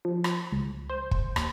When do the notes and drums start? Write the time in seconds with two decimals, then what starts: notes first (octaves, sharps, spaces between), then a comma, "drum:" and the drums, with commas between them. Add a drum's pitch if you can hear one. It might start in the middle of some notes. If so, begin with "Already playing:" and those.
0.05 F3
0.24 drum: rim click
0.52 C#2
0.90 C5
1.11 drum: kick
1.36 D#2, drum: rim click